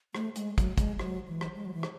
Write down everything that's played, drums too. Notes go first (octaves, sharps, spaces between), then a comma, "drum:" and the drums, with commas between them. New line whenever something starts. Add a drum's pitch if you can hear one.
A3, drum: rim click
G#3, drum: hi-hat
F#3, drum: kick, hi-hat
G#3, drum: kick, hi-hat
F#3, drum: rim click
E3
drum: rim click
G#3
F#3
E3
drum: rim click